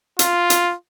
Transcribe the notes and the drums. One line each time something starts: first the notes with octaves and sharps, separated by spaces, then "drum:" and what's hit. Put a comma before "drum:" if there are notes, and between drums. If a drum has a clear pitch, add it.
F4, drum: hi-hat
drum: hi-hat